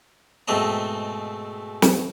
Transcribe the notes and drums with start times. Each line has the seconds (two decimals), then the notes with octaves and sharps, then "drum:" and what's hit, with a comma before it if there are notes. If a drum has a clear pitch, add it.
0.48 G#2 B2 A3 C4 D#5 A#5
1.82 drum: snare